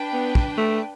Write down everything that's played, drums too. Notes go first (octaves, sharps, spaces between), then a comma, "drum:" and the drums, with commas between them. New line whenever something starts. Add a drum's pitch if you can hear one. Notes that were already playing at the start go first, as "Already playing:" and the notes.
Already playing: D4 B4 G5
B3
drum: kick
A3